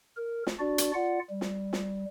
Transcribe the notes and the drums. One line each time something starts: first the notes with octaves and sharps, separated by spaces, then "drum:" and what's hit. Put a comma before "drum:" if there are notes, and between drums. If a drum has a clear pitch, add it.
A#4
drum: snare
D4 F#4 D5
drum: hi-hat
F4 D5 F#5
G3
drum: snare
drum: snare